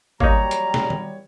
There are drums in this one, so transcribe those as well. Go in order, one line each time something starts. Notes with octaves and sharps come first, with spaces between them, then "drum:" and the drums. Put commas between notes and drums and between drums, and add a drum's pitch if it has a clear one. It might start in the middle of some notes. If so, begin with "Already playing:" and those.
E3 F#3 G3 A#3 D#4 C#5 A#5, drum: kick G#1
drum: hi-hat
drum: snare
drum: tom D#3